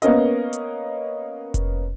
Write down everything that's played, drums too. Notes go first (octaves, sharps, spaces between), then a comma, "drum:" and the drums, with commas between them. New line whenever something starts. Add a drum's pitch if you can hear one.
A#3 B3 C#4 A#4 D#5, drum: hi-hat
drum: hi-hat
drum: kick F1, hi-hat